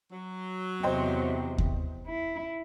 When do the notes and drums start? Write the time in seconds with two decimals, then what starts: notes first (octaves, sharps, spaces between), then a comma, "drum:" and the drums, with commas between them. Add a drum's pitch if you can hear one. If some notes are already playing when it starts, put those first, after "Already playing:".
0.12 F#3
0.83 E2 C3 C5 D#5 G5
1.58 drum: kick D#2
2.07 E4